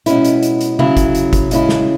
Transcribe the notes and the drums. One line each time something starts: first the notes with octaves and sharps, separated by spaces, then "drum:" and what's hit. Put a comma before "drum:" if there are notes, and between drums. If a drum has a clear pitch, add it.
B2 G#3 C#4 E4, drum: hi-hat
drum: hi-hat
drum: hi-hat
drum: hi-hat
C#3 F#3 E4, drum: tom B2
drum: kick, hi-hat
drum: hi-hat
drum: kick, hi-hat
C#3 G#3 C#4 E4, drum: hi-hat
drum: snare